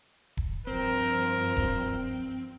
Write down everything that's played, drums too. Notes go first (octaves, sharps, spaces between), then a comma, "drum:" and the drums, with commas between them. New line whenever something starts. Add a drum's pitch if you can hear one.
drum: kick D#1
G2 F3 C4 A#4
drum: kick D#1